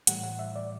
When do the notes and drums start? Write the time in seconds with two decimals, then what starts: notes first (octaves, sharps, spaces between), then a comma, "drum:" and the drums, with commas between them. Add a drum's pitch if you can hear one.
0.07 A2 E3 G3 F#5, drum: hi-hat
0.24 F#5
0.39 E5
0.56 D5